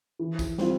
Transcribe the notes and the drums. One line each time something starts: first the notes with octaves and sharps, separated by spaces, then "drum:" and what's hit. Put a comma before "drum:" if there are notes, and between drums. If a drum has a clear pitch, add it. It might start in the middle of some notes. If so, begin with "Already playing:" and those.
E3
drum: kick, tambourine
G3 C4 F4, drum: snare